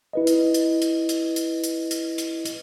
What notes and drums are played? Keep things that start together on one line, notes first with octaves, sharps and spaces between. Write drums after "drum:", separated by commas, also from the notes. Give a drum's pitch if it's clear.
E4 B4 D#5
drum: hi-hat
drum: hi-hat
drum: hi-hat
drum: hi-hat
drum: hi-hat
drum: hi-hat
drum: hi-hat
drum: hi-hat
drum: hi-hat